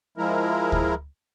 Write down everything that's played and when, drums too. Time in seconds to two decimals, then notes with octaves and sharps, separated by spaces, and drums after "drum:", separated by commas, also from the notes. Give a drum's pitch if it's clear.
0.18 F3 G#3 E4 A#4
0.72 drum: kick D2